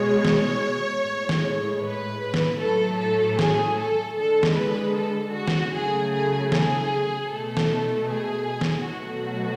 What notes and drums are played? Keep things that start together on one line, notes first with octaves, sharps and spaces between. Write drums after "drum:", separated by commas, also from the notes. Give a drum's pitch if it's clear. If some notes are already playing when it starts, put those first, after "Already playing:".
Already playing: B2 G#3 C#5
drum: snare
A2 G#3
drum: snare
B4
drum: snare
A2 F#3 A3 A4
A4
G#4, drum: snare
A4
D3 G#3 A4
drum: snare
B4
A4
F#4
drum: snare
C#3 F#3 A3 G#4
G#4
G#4, drum: snare
B2 A3 A4
drum: snare
G#4
drum: snare
B2 F#3 A3 F#4